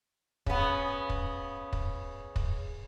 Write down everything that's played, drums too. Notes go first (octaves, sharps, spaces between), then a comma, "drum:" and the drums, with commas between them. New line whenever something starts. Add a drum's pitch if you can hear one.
C#3 B3, drum: kick
drum: kick
drum: kick
drum: kick